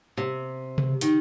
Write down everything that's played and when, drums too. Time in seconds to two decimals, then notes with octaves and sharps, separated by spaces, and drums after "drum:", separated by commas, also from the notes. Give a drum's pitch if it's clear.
0.17 C3
0.78 drum: tom C3
1.01 D#3, drum: hi-hat